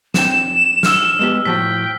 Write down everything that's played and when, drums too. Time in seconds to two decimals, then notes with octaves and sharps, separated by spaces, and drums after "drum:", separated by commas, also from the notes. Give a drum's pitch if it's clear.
0.14 C4 G5 E7, drum: snare
0.83 E6 F6, drum: snare
1.19 G#3 B3 G4
1.45 A2 F3 F#4 G5 B6